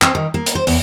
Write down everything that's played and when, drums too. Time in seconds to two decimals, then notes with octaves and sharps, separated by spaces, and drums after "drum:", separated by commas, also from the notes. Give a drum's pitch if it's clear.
0.02 C4, drum: clap
0.15 D#3
0.34 A#3
0.46 drum: hi-hat
0.55 C5
0.67 E2, drum: open hi-hat